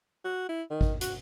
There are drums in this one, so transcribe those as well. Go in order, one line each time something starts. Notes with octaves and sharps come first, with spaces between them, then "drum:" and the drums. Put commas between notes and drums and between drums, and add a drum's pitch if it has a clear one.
F#4
E4
D#3
drum: kick G#1
F#4, drum: hi-hat